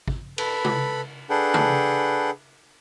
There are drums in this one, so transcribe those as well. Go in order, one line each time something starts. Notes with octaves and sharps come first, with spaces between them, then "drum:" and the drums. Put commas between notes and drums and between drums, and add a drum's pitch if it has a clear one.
drum: kick
A4 B4 B5, drum: cymbal
drum: tom
D4 G#4 A4 B4 F#5 G5
drum: tom